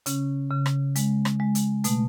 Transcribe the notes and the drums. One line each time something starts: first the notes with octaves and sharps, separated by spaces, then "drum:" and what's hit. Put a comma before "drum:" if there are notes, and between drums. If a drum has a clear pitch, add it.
C#3 C#4, drum: hi-hat
C#3
drum: rim click
G#3, drum: hi-hat
drum: rim click
G#3
drum: hi-hat
B2 A3, drum: hi-hat